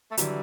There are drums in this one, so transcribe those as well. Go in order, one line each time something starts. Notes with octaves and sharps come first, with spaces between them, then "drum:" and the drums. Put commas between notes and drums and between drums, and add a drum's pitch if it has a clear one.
A3
D3 E3 F#3 G3, drum: hi-hat